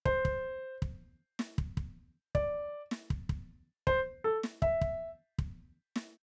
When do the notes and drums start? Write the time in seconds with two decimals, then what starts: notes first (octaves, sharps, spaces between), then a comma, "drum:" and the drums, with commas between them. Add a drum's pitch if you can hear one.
0.05 C5, drum: kick
0.25 drum: kick
0.82 drum: kick
1.39 drum: snare
1.58 drum: kick
1.77 drum: kick
2.35 D5, drum: kick
2.91 drum: snare
3.10 drum: kick
3.29 drum: kick
3.87 C5, drum: kick
4.24 A4
4.43 drum: snare
4.62 E5, drum: kick
4.81 drum: kick
5.38 drum: kick
5.96 drum: snare